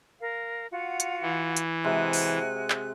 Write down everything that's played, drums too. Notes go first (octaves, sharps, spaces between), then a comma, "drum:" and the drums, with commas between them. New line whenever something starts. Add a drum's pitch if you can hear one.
A#4 F5
F4 F#4 F#5
drum: hi-hat
E3
drum: hi-hat
C3 G#3 F#4 E5 G#5 F#6
drum: open hi-hat
drum: clap